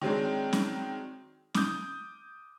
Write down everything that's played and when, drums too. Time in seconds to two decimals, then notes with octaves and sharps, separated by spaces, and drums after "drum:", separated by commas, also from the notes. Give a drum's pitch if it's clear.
0.01 D#3 F#3 G#3 C4 D4
0.53 drum: snare C#4
1.54 D6 D#6 G6, drum: snare C#4